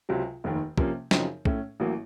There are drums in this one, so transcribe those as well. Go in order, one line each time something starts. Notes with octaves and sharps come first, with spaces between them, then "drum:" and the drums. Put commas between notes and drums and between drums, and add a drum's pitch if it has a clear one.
C#2 C3 F#3
F1 D#2 D#3
C3 F3 A#3 C#4, drum: kick
F#2 C#3 F3 C4 D#4, drum: snare
A2 A3 C#4, drum: kick
A1 A2 F#3 A#3